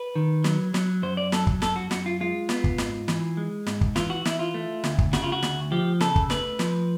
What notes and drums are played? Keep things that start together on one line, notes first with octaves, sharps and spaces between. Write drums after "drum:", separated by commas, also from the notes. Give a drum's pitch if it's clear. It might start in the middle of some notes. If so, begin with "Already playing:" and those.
Already playing: B4
D#3
F#3, drum: snare
F#3, drum: snare
F#2 C5
D5
F#3 A4, drum: snare
drum: kick
F#2 A4, drum: snare
F#4
F#2 F#4, drum: snare
F4
G#3 F4
B3, drum: snare
drum: kick
G#2, drum: snare
E3, drum: snare
G#3
G#2, drum: snare
drum: kick
E3 F4, drum: snare
F#4
E3 E4, drum: snare
F4
A3
D2, drum: snare
drum: kick
C#3 F#4, drum: snare
F4
F#4
D2, drum: snare
F3 G4
C#3 A4, drum: snare
drum: kick
A3 B4, drum: snare
F3, drum: snare